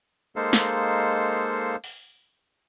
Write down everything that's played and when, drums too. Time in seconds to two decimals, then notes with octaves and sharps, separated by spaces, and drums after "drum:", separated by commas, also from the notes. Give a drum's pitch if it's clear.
0.36 G#3 A#3 D#4 A4 C5 F5
0.53 drum: snare
1.84 drum: open hi-hat